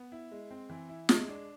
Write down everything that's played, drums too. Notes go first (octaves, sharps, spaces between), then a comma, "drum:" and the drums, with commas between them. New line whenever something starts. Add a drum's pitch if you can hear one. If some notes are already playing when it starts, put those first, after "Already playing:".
Already playing: B3
E4
G#3
C4
E3
E4
G#3, drum: snare
D4